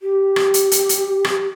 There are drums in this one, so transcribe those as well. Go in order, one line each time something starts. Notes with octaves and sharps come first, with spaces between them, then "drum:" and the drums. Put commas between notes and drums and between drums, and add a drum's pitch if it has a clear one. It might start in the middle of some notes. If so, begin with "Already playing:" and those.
G4
drum: rim click
drum: hi-hat
drum: hi-hat
drum: hi-hat
drum: rim click